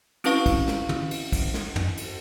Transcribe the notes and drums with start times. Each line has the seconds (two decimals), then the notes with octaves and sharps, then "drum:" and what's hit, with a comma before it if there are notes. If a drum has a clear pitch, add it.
0.24 C4 C#4 E4 B4 F5 C#6, drum: cymbal
0.46 drum: kick, cymbal
0.68 drum: snare
0.89 drum: tom
1.11 drum: cymbal
1.32 drum: kick, cymbal
1.54 drum: snare
1.76 drum: tom
1.97 drum: cymbal